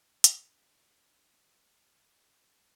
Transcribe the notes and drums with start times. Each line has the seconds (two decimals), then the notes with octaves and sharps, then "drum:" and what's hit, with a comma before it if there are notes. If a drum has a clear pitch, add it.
0.24 D4 D#6, drum: hi-hat